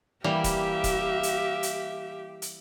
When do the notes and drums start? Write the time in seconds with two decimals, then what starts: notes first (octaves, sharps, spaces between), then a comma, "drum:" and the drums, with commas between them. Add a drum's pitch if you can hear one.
0.24 E3 G3 A#3 G4 E5 F5
0.44 drum: kick, hi-hat
0.84 drum: kick, hi-hat
1.23 drum: hi-hat
1.63 drum: hi-hat
2.42 drum: hi-hat